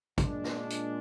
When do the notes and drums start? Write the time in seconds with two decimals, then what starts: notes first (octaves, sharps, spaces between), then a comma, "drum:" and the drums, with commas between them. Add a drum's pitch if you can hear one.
0.18 A#2 G#3 D4, drum: kick, hi-hat
0.44 drum: snare
0.70 drum: hi-hat